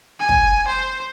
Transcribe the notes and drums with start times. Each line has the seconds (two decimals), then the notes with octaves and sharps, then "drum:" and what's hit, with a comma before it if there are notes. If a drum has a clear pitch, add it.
0.20 G#5
0.29 drum: kick
0.67 C5